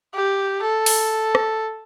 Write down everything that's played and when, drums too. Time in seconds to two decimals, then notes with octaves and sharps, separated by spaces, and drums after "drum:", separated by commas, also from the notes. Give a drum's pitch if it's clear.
0.14 G4
0.62 A4
0.86 drum: open hi-hat
1.35 drum: rim click